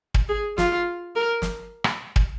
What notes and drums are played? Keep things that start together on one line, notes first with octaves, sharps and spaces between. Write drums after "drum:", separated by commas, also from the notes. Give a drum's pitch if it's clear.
drum: kick
G#4
F4, drum: snare
A#4
drum: snare
drum: rim click
drum: kick